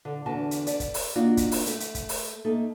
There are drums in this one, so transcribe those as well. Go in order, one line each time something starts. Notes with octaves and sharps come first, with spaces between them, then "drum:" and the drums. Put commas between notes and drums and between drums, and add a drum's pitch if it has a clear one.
D3
E2 D3 F#4 A5
drum: hi-hat
D5, drum: hi-hat
drum: kick, hi-hat
drum: open hi-hat
A#3 D4 D#4 F4 F#4
drum: kick, hi-hat
drum: open hi-hat
A3, drum: hi-hat
drum: hi-hat
drum: kick, hi-hat
drum: open hi-hat
A3 A#3 D#4 A4